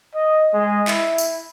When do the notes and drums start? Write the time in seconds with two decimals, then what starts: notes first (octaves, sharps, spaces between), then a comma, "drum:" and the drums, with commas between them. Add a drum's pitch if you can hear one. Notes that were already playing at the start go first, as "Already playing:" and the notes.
0.15 D#5
0.53 G#3
0.88 E4, drum: clap
1.18 drum: tambourine